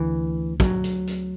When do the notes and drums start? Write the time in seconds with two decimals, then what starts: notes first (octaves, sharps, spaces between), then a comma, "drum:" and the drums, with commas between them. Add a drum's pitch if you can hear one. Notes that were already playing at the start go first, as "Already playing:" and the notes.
Already playing: D2 D3 E3
0.60 F#3, drum: kick, hi-hat
0.84 drum: hi-hat
1.07 drum: hi-hat